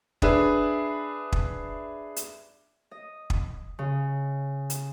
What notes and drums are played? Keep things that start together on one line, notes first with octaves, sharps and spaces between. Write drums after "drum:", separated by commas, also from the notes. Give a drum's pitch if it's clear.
D4 G#4 B4 E5, drum: kick
drum: kick
drum: hi-hat
D#5
drum: kick
C#3
drum: hi-hat